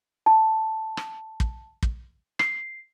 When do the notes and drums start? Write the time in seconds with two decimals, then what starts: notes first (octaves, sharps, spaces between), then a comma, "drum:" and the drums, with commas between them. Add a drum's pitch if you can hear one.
0.26 A5
0.97 drum: rim click
1.40 drum: kick
1.83 drum: kick
2.39 C7, drum: rim click